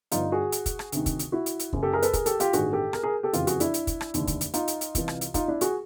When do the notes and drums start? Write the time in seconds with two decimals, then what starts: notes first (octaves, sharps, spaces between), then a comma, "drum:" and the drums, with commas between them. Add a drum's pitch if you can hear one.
0.12 G1 G2 D3 D#4 F4, drum: hi-hat
0.32 F#4 G#4
0.52 drum: hi-hat
0.66 drum: kick, hi-hat
0.79 drum: rim click
0.92 D2 C3 D#3, drum: hi-hat
1.06 drum: kick, hi-hat
1.19 drum: hi-hat
1.32 E4 F#4
1.46 drum: hi-hat
1.59 drum: hi-hat
1.73 F#1 F#2 C#3, drum: kick
1.83 G4 A4
1.93 G#4 A#4
2.02 A4 B4, drum: hi-hat
2.13 G#4 A#4, drum: kick, hi-hat
2.26 G4 A4, drum: hi-hat
2.40 F4 G4, drum: hi-hat
2.53 A1 G2 D#3 F#4 G#4, drum: hi-hat
2.73 G4 A4
2.93 G#4 A#4, drum: rim click
3.03 G#4 A#4
3.23 G4 A4
3.33 F#1 F2 C#3 E3 F4 G4, drum: hi-hat
3.47 F#4 G#4, drum: hi-hat
3.60 D4 E4, drum: hi-hat
3.74 drum: hi-hat
3.87 drum: kick, hi-hat
4.01 drum: rim click
4.14 F1 D#2 D3, drum: hi-hat
4.27 drum: kick, hi-hat
4.41 drum: hi-hat
4.54 D#4 F4, drum: hi-hat
4.68 drum: hi-hat
4.81 drum: hi-hat
4.95 C2 C3 E3, drum: kick, hi-hat
5.08 drum: rim click
5.21 drum: hi-hat
5.34 D#4 F4, drum: kick, hi-hat
5.48 D4 E4
5.61 F#4 G#4, drum: hi-hat